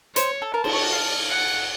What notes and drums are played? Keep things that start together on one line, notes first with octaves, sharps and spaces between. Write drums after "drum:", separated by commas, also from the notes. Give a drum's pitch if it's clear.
C5 C#5, drum: hi-hat
A4
A#4 A5
C5, drum: cymbal
C#5
F#4
F5
F#5